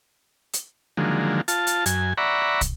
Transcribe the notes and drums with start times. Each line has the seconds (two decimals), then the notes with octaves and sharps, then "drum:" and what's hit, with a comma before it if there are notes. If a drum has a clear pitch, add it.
0.54 drum: hi-hat
0.97 D3 D#3 F3 F#3 G#3 A#3
1.48 F4 A5, drum: hi-hat
1.67 drum: hi-hat
1.86 F#2 G#5, drum: hi-hat
2.17 D5 E5 F#5 A#5 B5 C#6
2.61 drum: kick, hi-hat